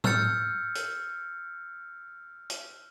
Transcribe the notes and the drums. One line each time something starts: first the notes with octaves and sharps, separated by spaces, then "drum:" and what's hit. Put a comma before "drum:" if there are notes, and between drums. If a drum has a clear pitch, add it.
E6 F6 G6 A6 C#7, drum: tom A2
drum: hi-hat
drum: hi-hat